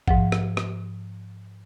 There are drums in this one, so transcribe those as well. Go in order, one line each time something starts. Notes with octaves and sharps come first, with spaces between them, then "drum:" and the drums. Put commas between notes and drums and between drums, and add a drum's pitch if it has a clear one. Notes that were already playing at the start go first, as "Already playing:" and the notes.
G#2 F3 F#5, drum: kick A1
drum: rim click
drum: rim click